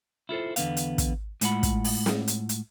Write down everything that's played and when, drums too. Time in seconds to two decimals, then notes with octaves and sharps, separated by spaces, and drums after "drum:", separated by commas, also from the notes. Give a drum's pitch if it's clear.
0.29 E4 F4 A4 C5
0.56 E2 D3 B3 F5, drum: hi-hat
0.77 drum: hi-hat
0.98 drum: kick, hi-hat
1.41 A2 G#3 B3 F4 F#5 B5, drum: hi-hat
1.63 drum: kick, hi-hat
1.84 drum: open hi-hat
2.06 drum: snare
2.28 drum: hi-hat
2.49 drum: hi-hat